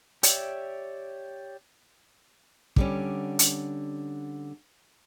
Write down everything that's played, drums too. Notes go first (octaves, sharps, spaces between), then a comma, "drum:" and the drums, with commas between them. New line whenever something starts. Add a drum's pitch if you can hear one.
G4 C#5 D5 E5, drum: hi-hat
D3 G3 C#4, drum: kick
drum: hi-hat